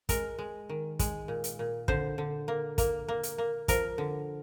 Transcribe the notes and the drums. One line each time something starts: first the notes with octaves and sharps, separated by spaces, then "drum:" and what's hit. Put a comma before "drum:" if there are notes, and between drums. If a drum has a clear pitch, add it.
G#3 A#4, drum: kick, hi-hat
G#3
D#3
G#3, drum: kick, hi-hat
A#2
drum: hi-hat
A#2
D3 C5, drum: kick
D3
A#3
A#3, drum: kick, hi-hat
A#3
drum: hi-hat
A#3
F3 A#4, drum: kick, hi-hat
D3